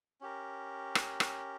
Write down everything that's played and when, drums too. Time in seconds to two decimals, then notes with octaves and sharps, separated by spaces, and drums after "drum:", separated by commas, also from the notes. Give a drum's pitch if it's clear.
0.21 C#4 G4 A#4
0.95 drum: rim click
1.20 drum: rim click